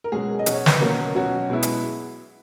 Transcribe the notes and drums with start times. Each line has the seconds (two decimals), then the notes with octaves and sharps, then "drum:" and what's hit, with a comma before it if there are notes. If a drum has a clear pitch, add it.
0.04 A#4
0.12 B2 F#3 G#3 C#4 F#4 G#4
0.39 D#5
0.46 B2 F#3 C#4 F#4, drum: hi-hat
0.53 C#5
0.66 B4, drum: snare
0.81 B2 F#3 A#3 C#4 F#4 A#4
1.15 B2 F#3 C#4 F#4
1.50 B2 G#3 B3 E4
1.63 drum: hi-hat